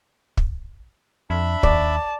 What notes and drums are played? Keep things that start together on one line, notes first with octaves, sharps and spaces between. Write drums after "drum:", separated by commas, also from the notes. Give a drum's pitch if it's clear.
drum: kick
F2 D4 E5 B5
D#2 D5 A5, drum: kick